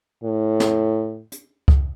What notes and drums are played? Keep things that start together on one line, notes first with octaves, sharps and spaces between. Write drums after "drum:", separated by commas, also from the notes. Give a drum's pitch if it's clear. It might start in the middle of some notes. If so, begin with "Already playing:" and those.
A2
drum: snare
drum: hi-hat
drum: kick C#2